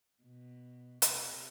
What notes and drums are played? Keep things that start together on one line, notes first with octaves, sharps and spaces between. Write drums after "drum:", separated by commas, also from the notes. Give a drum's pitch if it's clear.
B2
C3, drum: hi-hat